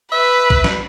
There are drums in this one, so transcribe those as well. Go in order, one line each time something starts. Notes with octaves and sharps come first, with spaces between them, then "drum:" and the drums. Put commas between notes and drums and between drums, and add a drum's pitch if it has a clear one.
B4 E5
drum: kick A#1
drum: snare